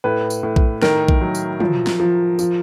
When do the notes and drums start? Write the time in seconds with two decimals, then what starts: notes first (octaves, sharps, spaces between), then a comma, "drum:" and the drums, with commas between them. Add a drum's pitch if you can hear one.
0.04 A2 B4
0.30 drum: tambourine
0.43 A2
0.56 drum: kick A#1
0.82 D#3 A#4, drum: snare
1.08 drum: kick A#1
1.21 F#3
1.35 drum: tambourine
1.60 F3, drum: tom
1.87 drum: snare
2.00 F3
2.39 F3, drum: tambourine